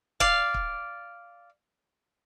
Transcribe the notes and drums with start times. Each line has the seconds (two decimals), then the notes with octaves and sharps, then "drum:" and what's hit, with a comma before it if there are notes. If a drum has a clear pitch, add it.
0.20 D5 F5, drum: kick
0.54 drum: kick